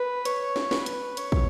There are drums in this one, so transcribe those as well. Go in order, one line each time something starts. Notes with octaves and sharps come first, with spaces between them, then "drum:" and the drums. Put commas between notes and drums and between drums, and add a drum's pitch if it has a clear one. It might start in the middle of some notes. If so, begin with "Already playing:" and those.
Already playing: B4
C#5, drum: hi-hat
drum: snare
B4, drum: snare
drum: hi-hat
C#5, drum: hi-hat
drum: kick